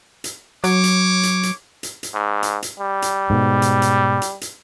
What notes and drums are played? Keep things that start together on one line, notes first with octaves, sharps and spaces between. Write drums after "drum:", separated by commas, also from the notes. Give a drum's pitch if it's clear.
drum: hi-hat
F#3 C#5 D6, drum: hi-hat
drum: hi-hat
drum: hi-hat
drum: hi-hat
drum: hi-hat
drum: hi-hat
G#2
drum: hi-hat
drum: hi-hat
G3
drum: hi-hat
G#2 B2
drum: hi-hat
drum: hi-hat
drum: hi-hat
drum: hi-hat